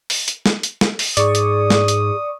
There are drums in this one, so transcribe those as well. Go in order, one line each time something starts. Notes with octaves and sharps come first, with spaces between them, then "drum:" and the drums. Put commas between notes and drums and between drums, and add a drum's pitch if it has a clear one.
drum: open hi-hat
drum: hi-hat
drum: snare
drum: hi-hat
drum: snare
drum: open hi-hat
G#2 G#4 D5 C#6 D#6, drum: hi-hat
drum: hi-hat
drum: snare
drum: hi-hat